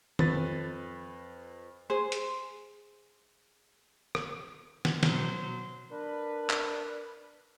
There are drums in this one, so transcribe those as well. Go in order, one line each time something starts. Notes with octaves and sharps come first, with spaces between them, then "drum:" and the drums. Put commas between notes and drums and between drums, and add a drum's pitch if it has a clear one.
F2 B4 A6, drum: tom D#3
G#4 C5
drum: hi-hat
drum: rim click
drum: snare
B2 F#3 C5, drum: snare
D4 A#4 B4
drum: clap